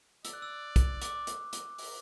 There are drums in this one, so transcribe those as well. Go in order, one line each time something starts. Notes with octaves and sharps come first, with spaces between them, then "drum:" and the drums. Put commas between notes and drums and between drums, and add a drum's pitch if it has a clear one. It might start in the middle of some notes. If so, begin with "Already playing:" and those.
D5 E6, drum: hi-hat
F#6
E6
drum: kick, hi-hat
D6, drum: hi-hat
drum: hi-hat
drum: hi-hat
drum: open hi-hat